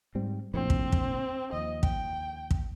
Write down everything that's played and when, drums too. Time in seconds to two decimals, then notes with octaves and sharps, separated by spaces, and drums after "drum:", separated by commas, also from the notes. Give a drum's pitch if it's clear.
0.15 G#2 G3 C4
0.54 F1 A#1 A2 C4
0.70 drum: kick
0.92 drum: kick
1.53 D#2 F3 D#5
1.83 G5, drum: kick
2.51 drum: kick